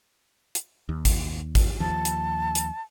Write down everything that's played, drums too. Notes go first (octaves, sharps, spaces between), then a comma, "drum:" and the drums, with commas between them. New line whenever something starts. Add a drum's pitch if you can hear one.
drum: hi-hat
D#2
drum: kick, hi-hat
drum: kick, hi-hat
D#2 F3 A5
drum: hi-hat
drum: hi-hat